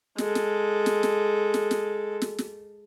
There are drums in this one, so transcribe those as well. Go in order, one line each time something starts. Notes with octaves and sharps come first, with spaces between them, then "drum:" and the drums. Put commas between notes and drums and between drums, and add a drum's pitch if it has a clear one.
G#3 A4, drum: snare
drum: snare
drum: snare
drum: snare
drum: snare
drum: snare
drum: snare
drum: snare